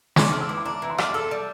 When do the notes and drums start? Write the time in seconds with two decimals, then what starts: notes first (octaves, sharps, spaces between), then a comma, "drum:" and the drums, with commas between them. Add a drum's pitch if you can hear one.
0.16 D4 C6, drum: snare
0.32 D4 F6
0.41 E6
0.49 E3 D6
0.58 C6
0.65 D4 A#5
0.82 E3 A#5
0.90 C6
0.98 D4 F6, drum: rim click
1.14 A4 E6
1.31 G3